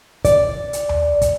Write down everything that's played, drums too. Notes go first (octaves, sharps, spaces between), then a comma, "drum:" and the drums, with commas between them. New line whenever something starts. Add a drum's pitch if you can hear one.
D5, drum: kick, hi-hat
drum: hi-hat
drum: tom D#2
drum: kick, hi-hat